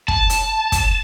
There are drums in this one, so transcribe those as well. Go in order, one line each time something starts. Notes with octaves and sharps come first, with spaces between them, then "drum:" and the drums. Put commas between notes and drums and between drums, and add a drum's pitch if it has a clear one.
A5, drum: kick
drum: hi-hat
drum: kick, hi-hat